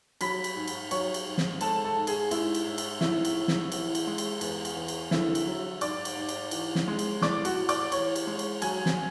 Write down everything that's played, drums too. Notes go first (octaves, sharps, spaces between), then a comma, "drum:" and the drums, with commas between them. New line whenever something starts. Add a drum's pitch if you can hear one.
F#3 B5 B6, drum: cymbal
drum: cymbal
G#2
drum: cymbal
F#3 C#5 C#6, drum: cymbal
drum: cymbal
G#2
drum: snare
G#3 A4 A5, drum: cymbal
A4 A5
G#2
G#4 G#5, drum: cymbal
G#3 E4 E5, drum: cymbal
drum: cymbal
G#2
drum: cymbal
A2 E4 E5, drum: snare
drum: cymbal
A2
drum: snare
E3, drum: cymbal
drum: cymbal
G#3
drum: cymbal
E2, drum: cymbal
drum: cymbal
E2
drum: cymbal
D3 E4 E5, drum: snare
drum: cymbal
F#3
G#2 D5 D6, drum: cymbal
drum: cymbal
G#2
drum: cymbal
E3, drum: cymbal
drum: snare
G#3
drum: cymbal
A2 D5 D6, drum: snare
F#4 F#5, drum: cymbal
A2
D5 D6, drum: cymbal
E3 C#5 C#6, drum: cymbal
drum: cymbal
G#3
drum: cymbal
F#3 G#5 G#6, drum: cymbal
drum: snare